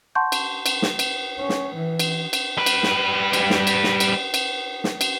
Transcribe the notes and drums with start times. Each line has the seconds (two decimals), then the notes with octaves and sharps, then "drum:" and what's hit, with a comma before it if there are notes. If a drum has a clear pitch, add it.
0.15 F#5 A5 C6 C#6 G6
0.32 drum: cymbal
0.66 drum: cymbal
0.82 drum: snare
0.99 drum: cymbal
1.39 C#4
1.49 drum: snare
1.75 E3
1.99 drum: cymbal
2.33 drum: cymbal
2.57 G3 B4
2.66 drum: cymbal
2.83 drum: snare
3.33 drum: cymbal
3.50 drum: snare
3.67 drum: cymbal
3.84 drum: snare
4.00 drum: cymbal
4.34 drum: cymbal
4.84 drum: snare
5.01 drum: cymbal